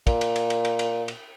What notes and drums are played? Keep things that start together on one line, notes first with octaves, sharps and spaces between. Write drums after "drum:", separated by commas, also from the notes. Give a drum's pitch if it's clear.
A#2, drum: kick, cymbal
drum: cymbal
drum: cymbal
drum: cymbal
drum: cymbal
drum: cymbal
drum: cymbal